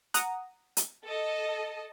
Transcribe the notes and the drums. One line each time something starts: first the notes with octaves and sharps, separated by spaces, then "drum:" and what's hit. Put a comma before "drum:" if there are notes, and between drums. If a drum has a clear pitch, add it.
F#5 A#5 D#6, drum: hi-hat
drum: hi-hat
A4 D#5